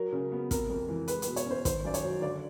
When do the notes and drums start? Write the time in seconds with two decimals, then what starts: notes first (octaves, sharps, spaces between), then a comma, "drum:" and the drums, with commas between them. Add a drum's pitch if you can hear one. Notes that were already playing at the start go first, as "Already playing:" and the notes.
Already playing: F#3 A#4
0.12 C#3
0.32 B3
0.51 C3 A#4, drum: kick, hi-hat
0.70 F2
0.89 E3
1.08 G#3 B4, drum: hi-hat
1.22 B4, drum: hi-hat
1.27 B2
1.36 C#5, drum: hi-hat
1.46 C#4 C5
1.65 D#3 C5, drum: kick, hi-hat
1.84 F#2 D5
1.94 C#5, drum: hi-hat
2.03 F#3
2.22 D3 D5